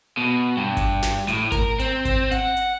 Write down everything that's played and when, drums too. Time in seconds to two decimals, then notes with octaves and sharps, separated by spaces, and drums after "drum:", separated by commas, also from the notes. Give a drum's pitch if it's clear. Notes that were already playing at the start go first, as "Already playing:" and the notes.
0.17 B2
0.57 G2
0.77 drum: kick G#1, hi-hat
1.02 drum: snare
1.28 A2, drum: hi-hat
1.52 A#4, drum: kick G#1, hi-hat
1.80 C4, drum: hi-hat
2.05 drum: kick G#1, hi-hat
2.32 F#5, drum: hi-hat
2.57 drum: hi-hat